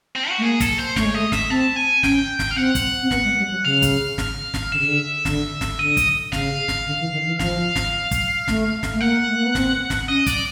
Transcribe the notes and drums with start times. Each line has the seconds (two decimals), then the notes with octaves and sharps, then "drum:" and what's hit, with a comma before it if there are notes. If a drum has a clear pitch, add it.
0.16 C4
0.29 F#4
0.38 A3
0.42 A#3 G#4
0.60 A4, drum: kick, hi-hat
0.78 C5
0.96 A3 C#5, drum: snare
1.05 G#3
1.13 A3 D#5
1.32 E5, drum: snare
1.50 C4 A5
1.76 G#5
2.03 C#4 G5, drum: snare
2.39 drum: snare
2.51 F5
2.56 C4 F#5
2.75 drum: kick, hi-hat
3.02 C4
3.11 B3, drum: snare
3.24 G#3
3.38 G3
3.50 F#3
3.64 C#3 F5
3.82 drum: kick, hi-hat
4.18 drum: snare
4.54 drum: snare
4.72 D3 E5
4.79 C#3
4.86 D3
5.25 D3, drum: snare
5.61 drum: snare
5.79 D3 D#5
5.97 drum: kick, hi-hat
6.33 C#3 F5, drum: snare
6.68 drum: snare
6.86 D3
7.00 E3
7.13 D#3
7.27 E3
7.40 F3 F5, drum: snare
7.76 drum: snare
8.11 drum: kick, hi-hat
8.48 A3, drum: snare
8.83 drum: snare
8.94 A3
9.01 A#3 F#5
9.28 A3
9.36 A#3
9.46 B3
9.55 C4, drum: snare
9.90 drum: snare
10.08 C#4 D#5
10.26 D5, drum: kick, hi-hat